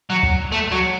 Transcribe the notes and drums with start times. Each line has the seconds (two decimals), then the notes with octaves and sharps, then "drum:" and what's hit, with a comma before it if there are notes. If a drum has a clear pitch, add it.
0.10 F#3
0.23 drum: kick
0.52 A3
0.72 F#3